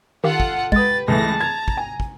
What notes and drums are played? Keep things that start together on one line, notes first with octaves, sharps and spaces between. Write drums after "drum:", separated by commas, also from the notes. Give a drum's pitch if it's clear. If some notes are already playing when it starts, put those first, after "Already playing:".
D#3 F4 G4 A4 F5 F#5
drum: kick
G#3 G4 B4 D#6 A6, drum: kick
C#2 E3 A3 A5 A#6
A#5 G#6
drum: kick
G5 G#5
drum: kick